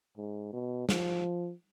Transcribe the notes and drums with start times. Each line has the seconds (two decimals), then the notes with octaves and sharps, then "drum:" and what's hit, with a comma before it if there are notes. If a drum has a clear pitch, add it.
0.18 G#2
0.53 B2
0.89 F3, drum: snare